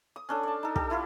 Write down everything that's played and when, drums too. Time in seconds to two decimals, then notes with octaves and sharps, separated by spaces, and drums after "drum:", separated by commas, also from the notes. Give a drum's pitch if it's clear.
0.16 D#6
0.29 C#4 D4 A4
0.43 D5 A5
0.63 D#4 A4
0.76 D4 G4 A4, drum: kick
0.90 A3 E4 F4 A4